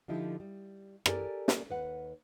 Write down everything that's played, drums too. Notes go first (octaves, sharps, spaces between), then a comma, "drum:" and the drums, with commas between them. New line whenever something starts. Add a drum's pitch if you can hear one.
D3 F3 D#4 E4 G4
G3
G4 A4 A#4 D5 G5 G#5, drum: rim click
drum: snare
D#2 B4 F#5